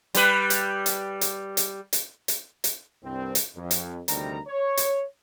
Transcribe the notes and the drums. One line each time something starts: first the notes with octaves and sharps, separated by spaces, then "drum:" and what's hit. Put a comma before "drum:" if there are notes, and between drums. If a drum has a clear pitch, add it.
G3 B4, drum: hi-hat
drum: hi-hat
drum: hi-hat
drum: hi-hat
drum: hi-hat
drum: hi-hat
drum: hi-hat
drum: hi-hat
C2 G2 C4
drum: hi-hat
F2
drum: hi-hat
D2 C3 D#3 G3 A#5, drum: hi-hat
C#5
drum: hi-hat